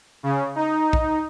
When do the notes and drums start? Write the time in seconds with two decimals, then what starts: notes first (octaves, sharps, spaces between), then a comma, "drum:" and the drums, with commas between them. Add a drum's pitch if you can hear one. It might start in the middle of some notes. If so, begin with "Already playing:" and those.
0.23 C#3
0.55 D#4
0.93 drum: kick